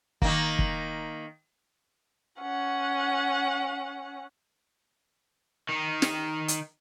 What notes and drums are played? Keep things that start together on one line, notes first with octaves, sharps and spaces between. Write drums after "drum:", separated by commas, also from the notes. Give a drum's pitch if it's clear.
D#3 A#3, drum: kick
drum: kick
C#4 F#5
D#3 D#4
drum: snare
drum: hi-hat